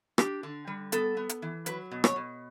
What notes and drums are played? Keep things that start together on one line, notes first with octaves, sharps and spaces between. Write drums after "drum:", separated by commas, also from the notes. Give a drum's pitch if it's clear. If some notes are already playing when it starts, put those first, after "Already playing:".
D4 G4, drum: rim click
D3
G3
B3 A4, drum: hi-hat
B3
drum: hi-hat
E3
F#3 B4, drum: hi-hat
B2
C#5, drum: rim click
B2